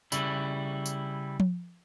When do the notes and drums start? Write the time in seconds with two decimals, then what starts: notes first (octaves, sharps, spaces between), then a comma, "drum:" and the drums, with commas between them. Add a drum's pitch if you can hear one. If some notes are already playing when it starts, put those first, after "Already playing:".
0.12 C#3 G3 E4, drum: tambourine
0.86 drum: tambourine
1.40 drum: tom F3